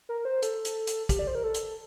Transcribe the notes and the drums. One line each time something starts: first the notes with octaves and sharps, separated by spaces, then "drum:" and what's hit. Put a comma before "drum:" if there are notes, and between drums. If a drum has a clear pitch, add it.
A#4
C5
A4, drum: hi-hat
drum: hi-hat
drum: hi-hat
G4, drum: kick, hi-hat
D5
C5
A#4
A4
drum: hi-hat